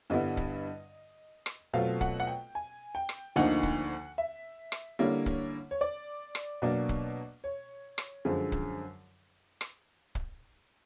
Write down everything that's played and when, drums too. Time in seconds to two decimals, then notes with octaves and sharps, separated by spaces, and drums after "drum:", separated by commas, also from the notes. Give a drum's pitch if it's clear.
0.10 G2 D3 G3 B3 E4 D#5
0.37 drum: kick
1.46 drum: rim click
1.73 B2 F#3 A3 C4 F4 F5
2.01 F#5, drum: kick
2.20 F#5
2.27 G5
2.55 G#5
2.95 G5
3.09 drum: rim click
3.36 D2 D3 F3 A#3 D#4 F#5
3.63 drum: kick
4.18 E5
4.72 drum: rim click
4.99 D3 G3 A#3 C#4 E4
5.26 drum: kick
5.71 C#5
5.81 D5
6.35 drum: rim click
6.62 B2 F#3 A#3 D4
6.89 drum: kick
7.44 C#5
7.98 drum: rim click
8.25 F#2 D3 F3 G#3
8.52 drum: kick
9.61 drum: rim click
10.15 drum: kick